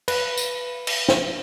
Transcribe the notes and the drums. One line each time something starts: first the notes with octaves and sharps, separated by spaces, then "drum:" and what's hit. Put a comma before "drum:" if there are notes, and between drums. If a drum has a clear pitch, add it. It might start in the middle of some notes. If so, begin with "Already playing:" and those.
B4, drum: cymbal
drum: tambourine
drum: cymbal
drum: snare